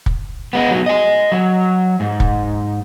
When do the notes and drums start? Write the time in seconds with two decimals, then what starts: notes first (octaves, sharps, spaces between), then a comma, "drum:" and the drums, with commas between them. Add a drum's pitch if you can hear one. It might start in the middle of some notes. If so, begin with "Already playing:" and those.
0.06 drum: kick
0.53 G#3 B3
0.71 B2 F#3
0.86 D#5 G#5
1.32 F#3
2.00 G#2
2.20 drum: kick